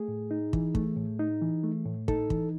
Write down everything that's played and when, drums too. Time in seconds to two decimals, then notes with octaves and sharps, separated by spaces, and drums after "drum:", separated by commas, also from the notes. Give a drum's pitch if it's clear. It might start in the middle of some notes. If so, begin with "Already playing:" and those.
Already playing: A3 G#4
0.08 A2
0.31 D#4
0.53 E3, drum: kick
0.75 A3, drum: kick
0.97 A2
1.19 D#4
1.42 E3
1.64 A3
1.86 A2
2.08 D#4 A4, drum: kick
2.30 E3, drum: kick